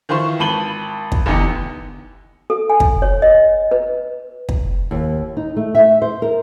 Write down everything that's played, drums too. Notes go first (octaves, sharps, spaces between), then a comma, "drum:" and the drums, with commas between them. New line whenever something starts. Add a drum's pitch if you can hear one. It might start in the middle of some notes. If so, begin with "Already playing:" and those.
D#3 E3 F4 C5 C6 C#6
G#1 A5 B5 D#7 F#7 G7
drum: kick
A1 E2 D3 D#4 G4 C#7
A4
G#5
drum: kick
C#5
D#5
B4
drum: kick
D#2
D#4
A3
E5
C5
A#4